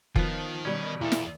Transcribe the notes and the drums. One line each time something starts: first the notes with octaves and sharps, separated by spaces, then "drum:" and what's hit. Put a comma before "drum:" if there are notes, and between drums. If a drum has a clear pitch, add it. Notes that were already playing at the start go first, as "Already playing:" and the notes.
D#3 F3 B3 F4, drum: kick F1
B2 G3 C#4
E2 A#2 E4 A4
drum: snare